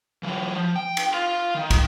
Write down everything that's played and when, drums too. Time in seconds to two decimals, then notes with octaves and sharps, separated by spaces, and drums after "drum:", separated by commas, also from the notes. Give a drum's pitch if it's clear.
0.23 E3 F#3
0.55 F3
0.76 G5
0.97 drum: cymbal
1.14 F5 C6
1.55 D#3
1.70 drum: kick, cymbal